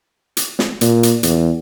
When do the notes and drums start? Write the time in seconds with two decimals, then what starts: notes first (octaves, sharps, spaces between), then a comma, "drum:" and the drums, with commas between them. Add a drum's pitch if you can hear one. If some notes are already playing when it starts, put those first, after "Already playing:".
0.37 drum: hi-hat
0.59 drum: snare
0.81 A#2, drum: hi-hat
1.03 drum: hi-hat
1.23 E2, drum: hi-hat